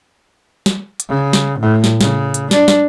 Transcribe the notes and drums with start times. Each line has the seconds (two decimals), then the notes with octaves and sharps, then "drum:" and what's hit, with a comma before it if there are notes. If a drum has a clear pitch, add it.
0.66 drum: snare
1.00 drum: hi-hat
1.09 C#3
1.33 drum: snare
1.59 A2
1.84 drum: snare
2.01 C#3, drum: snare
2.34 drum: hi-hat
2.51 D4, drum: snare
2.68 drum: snare